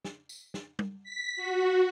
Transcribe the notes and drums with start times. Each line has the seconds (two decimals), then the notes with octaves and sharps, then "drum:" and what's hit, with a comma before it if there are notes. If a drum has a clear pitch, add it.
0.05 drum: snare
0.29 drum: tambourine
0.54 drum: snare
0.79 drum: tom
1.04 B6
1.36 F#4